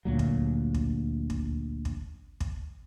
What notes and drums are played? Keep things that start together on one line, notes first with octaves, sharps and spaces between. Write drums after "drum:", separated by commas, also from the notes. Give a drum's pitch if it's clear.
D2 A#2 F#3
drum: kick
drum: kick
drum: kick
drum: kick
drum: kick